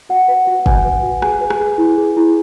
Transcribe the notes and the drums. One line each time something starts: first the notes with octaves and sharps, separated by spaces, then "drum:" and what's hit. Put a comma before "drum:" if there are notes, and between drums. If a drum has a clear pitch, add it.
F#4 F#5
B4
F#4
F#5
B4 G#5, drum: kick
B4
F#4
G#4 G#5, drum: rim click
B4
drum: rim click
G#4
E4
G#4
E4